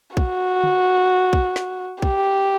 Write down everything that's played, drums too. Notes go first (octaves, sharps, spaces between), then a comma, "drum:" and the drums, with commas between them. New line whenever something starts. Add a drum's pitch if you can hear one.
F#4, drum: kick
drum: tom
drum: kick
drum: snare
G4, drum: kick